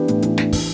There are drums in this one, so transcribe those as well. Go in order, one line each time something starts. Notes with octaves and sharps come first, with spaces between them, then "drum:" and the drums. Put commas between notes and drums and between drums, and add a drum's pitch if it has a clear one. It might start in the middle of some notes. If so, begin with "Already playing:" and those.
Already playing: E3 B3 D4 G4
A2, drum: hi-hat
E3, drum: hi-hat
D4, drum: snare
E3, drum: kick, open hi-hat